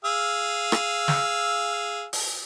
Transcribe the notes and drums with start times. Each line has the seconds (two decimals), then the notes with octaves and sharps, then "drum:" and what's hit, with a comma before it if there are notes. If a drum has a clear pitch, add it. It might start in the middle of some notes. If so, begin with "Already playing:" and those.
0.05 G#4 F5 E6
0.72 drum: rim click
1.08 drum: snare
2.13 drum: open hi-hat